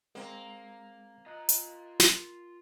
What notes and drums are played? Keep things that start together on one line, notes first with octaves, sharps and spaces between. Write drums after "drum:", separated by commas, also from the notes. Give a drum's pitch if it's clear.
G#3 A#3 C4 A#5
F4 D#5 A#5 F#6
drum: hi-hat
drum: snare